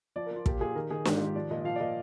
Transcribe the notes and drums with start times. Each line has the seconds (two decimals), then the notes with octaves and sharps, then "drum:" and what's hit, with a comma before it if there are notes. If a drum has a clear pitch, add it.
0.16 F3 D5
0.26 A#4
0.31 F3 F4
0.46 A#2 G4, drum: kick
0.61 A#2 G#4
0.75 D#3 A#4
0.90 D#3 G#4
1.05 G#2 G4, drum: snare
1.15 F4
1.20 D#3
1.25 G4
1.35 F3 D5
1.50 A#2 D#5
1.61 D#5
1.65 F3 F5
1.76 D5
1.80 A#2 D#5